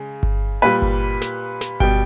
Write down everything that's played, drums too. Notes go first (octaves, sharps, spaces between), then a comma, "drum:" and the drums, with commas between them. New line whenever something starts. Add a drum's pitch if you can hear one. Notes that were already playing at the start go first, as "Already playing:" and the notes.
Already playing: C#3 G#3
drum: kick G1
A#2 G3 B4
drum: kick G1
drum: snare
drum: snare
B2 G3 G5, drum: kick G1